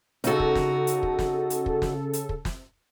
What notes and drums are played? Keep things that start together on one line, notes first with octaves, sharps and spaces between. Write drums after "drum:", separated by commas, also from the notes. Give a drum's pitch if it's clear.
C#3 D#4 F#4 A4, drum: hi-hat
drum: kick
drum: snare
drum: hi-hat
drum: kick
drum: snare
drum: hi-hat
drum: kick
drum: snare
drum: hi-hat
drum: kick
drum: snare